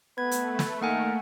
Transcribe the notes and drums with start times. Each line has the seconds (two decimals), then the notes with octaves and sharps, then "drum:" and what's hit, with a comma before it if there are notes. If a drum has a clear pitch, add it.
0.18 A3 B3 B4 G#6
0.31 drum: hi-hat
0.59 drum: snare
0.82 D#3 A#3 A#4 F#5 G#5